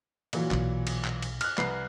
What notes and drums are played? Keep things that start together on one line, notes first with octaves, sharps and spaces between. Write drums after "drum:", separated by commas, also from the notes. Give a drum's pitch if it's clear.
A#2 E3 F#3, drum: cymbal
B1, drum: clap
drum: cymbal
drum: clap
drum: cymbal
F6 F#6, drum: cymbal
C2 B4 C7, drum: clap